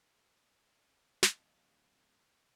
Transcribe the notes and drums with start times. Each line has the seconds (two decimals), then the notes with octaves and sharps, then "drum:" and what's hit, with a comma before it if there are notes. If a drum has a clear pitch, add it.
1.23 D1 D#5 F5 A5, drum: snare